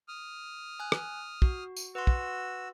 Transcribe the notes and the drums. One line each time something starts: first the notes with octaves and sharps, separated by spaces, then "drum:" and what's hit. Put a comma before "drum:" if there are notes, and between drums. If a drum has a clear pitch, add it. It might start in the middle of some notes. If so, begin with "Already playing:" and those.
D#6 F6
G#5 F#6
drum: rim click
F#4, drum: kick
drum: tambourine
F#4 B4 C6 E6
drum: kick